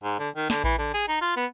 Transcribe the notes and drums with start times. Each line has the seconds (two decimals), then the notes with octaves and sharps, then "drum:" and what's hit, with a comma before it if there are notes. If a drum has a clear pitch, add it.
0.03 G#2
0.19 D3
0.36 D#3
0.50 D3, drum: snare
0.64 E3, drum: kick A1
0.78 D3
0.94 G#4
1.08 D#4
1.21 F4
1.36 B3